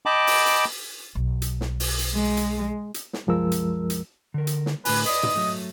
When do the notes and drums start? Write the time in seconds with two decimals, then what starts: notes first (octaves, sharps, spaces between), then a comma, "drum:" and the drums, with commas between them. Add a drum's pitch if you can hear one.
0.06 D#5 G5 A5 B5 D6
0.27 drum: open hi-hat
0.46 drum: hi-hat
1.15 B1
1.42 drum: hi-hat
1.61 drum: snare
1.80 drum: open hi-hat
1.99 drum: hi-hat
2.14 G#3
2.37 drum: hi-hat
2.94 drum: hi-hat
3.13 drum: snare
3.27 C2 F#2 F3 G#3 A#4 E6
3.52 drum: hi-hat
3.90 drum: hi-hat
4.34 D3 A#4
4.47 drum: hi-hat
4.66 drum: snare
4.85 A2 D3 B4 G#5, drum: open hi-hat
5.06 B4 D5 D#5, drum: hi-hat
5.23 drum: tom
5.35 F#3 A3